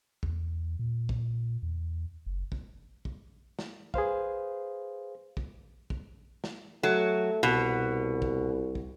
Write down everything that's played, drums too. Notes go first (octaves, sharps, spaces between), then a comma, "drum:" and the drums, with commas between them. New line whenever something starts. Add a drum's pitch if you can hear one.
E2, drum: kick
A#2
drum: kick
E2
F#1
drum: kick
drum: kick
drum: snare
G#4 B4 C5 F5, drum: kick
drum: kick
drum: kick
drum: snare
F#3 A3
C2 B2
drum: kick
drum: kick